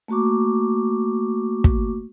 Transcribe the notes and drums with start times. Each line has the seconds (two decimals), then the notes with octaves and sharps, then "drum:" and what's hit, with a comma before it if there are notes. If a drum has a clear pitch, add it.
0.08 A3 A#3 F#4 C#6 D6
1.64 drum: kick